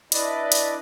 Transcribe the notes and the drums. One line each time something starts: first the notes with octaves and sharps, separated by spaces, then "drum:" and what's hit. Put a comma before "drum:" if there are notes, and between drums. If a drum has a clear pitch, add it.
D4 E4 B4 D5 D#5, drum: hi-hat
drum: hi-hat